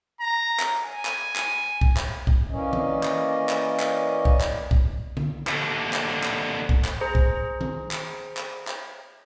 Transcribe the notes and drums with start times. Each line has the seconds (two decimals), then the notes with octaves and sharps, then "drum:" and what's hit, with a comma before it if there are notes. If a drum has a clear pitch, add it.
0.21 A#5
0.59 drum: clap
0.82 G#5
1.05 drum: clap
1.36 drum: clap
1.81 drum: kick B1
1.97 drum: clap
2.27 drum: kick B1
2.50 E3 A#3 C#4 D5 D#5
2.73 drum: tom D#3
3.03 drum: clap
3.49 drum: clap
3.80 drum: clap
4.25 drum: kick B1
4.41 drum: clap
4.71 drum: kick B1
5.17 drum: tom D3
5.47 D#2 D3, drum: clap
5.93 drum: clap
6.23 drum: clap
6.69 drum: kick B1
6.84 drum: clap
7.01 G#4 C5 A#5
7.15 drum: kick B1
7.61 drum: tom D#3
7.91 drum: clap
8.37 drum: clap
8.67 drum: clap